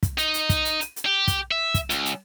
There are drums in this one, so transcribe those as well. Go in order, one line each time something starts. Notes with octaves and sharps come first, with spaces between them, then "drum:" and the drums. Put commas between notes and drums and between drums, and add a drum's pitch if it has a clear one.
drum: kick, hi-hat
D#4, drum: hi-hat
drum: hi-hat
drum: kick, hi-hat
drum: hi-hat
drum: hi-hat
drum: hi-hat
G4
drum: kick, hi-hat
E5
drum: kick, hi-hat
C#2, drum: hi-hat
drum: hi-hat